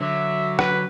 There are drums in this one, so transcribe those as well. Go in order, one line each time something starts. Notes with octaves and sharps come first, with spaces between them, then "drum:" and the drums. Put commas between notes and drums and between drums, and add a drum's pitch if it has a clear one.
D3 F#3 E5
B4, drum: rim click